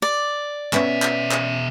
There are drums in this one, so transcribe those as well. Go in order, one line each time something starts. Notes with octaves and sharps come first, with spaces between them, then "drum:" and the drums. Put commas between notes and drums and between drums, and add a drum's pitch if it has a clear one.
D5
B2 B3 C#4 E5, drum: clap
drum: clap
drum: clap